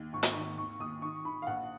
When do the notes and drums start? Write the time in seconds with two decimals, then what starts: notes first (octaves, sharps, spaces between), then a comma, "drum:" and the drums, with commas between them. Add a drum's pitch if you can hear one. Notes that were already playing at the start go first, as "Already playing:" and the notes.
Already playing: D#2
0.13 G#1 C#6
0.23 drum: hi-hat
0.36 D#3
0.58 D#2 C#6
0.80 D#2 D#6
1.02 D#3 C#6
1.25 D#3 B5
1.42 F5
1.47 A#1 F#5